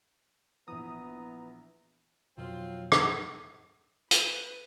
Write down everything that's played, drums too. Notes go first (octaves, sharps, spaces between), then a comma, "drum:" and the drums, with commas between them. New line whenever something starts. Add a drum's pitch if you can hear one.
A#1 E3 B3 A#5 D#6
F2 B2 D#3 F#3 C4 F4
drum: rim click
B4, drum: hi-hat